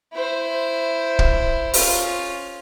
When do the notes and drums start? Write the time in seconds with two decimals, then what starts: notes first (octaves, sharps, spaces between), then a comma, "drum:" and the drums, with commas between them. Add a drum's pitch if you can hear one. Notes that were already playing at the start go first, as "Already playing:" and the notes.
0.13 E4 C5
1.19 drum: kick
1.74 C#4 F4, drum: open hi-hat